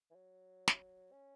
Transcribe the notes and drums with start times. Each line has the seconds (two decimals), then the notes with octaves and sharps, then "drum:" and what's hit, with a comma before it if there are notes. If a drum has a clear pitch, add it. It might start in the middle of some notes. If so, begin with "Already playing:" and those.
0.11 E3
0.15 F#3
0.68 drum: snare
1.12 C#4